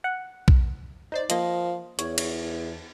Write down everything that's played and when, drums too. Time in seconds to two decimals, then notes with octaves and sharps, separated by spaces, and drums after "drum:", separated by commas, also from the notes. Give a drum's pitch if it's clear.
0.04 F#5
0.48 drum: kick A#1
1.12 D#4 C5 D5
1.30 F3 A#3 D#5, drum: hi-hat
1.99 E2 C#5, drum: hi-hat
2.18 drum: cymbal